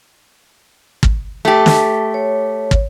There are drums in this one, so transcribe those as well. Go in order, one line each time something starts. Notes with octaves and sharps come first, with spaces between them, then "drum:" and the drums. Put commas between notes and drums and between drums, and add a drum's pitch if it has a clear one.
drum: kick
A3 G4 A5
drum: snare
C#5
drum: kick